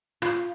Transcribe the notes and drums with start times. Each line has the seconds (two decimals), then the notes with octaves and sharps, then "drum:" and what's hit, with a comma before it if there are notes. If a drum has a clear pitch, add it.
0.22 F4, drum: rim click